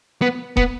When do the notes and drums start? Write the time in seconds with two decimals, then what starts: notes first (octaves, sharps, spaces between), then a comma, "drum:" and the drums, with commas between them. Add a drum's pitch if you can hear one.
0.22 B3
0.57 B3, drum: kick D#1